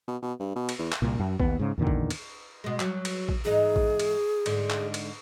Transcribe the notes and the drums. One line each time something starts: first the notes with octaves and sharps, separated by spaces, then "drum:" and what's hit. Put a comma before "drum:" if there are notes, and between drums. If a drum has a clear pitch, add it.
B2
B2
G2
B2
drum: cymbal
E2
drum: clap
C2 A#2
F#2
D#2 B3, drum: kick A#1
G#2 C#3
E2 A#2 D3 D#3
drum: kick A#1
drum: cymbal
B2 G#3
F#3, drum: clap
drum: cymbal
drum: kick A#1
G#2 E3 D#4 G#4
drum: kick A#1
drum: cymbal
G#2 D3, drum: cymbal
drum: clap
drum: cymbal